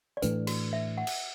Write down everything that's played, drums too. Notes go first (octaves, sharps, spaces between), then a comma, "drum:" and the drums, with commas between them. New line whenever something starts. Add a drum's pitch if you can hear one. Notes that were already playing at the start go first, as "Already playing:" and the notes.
D5
A2 E3 A3 D4 B4, drum: hi-hat
F#4, drum: cymbal
E5
F#5
drum: cymbal